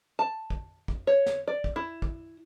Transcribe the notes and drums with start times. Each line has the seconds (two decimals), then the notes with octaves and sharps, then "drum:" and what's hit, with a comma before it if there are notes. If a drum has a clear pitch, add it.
0.19 A5
0.50 drum: kick
0.88 drum: kick
1.07 C#5
1.26 drum: snare
1.48 D5
1.64 drum: kick
1.76 E4
2.02 drum: kick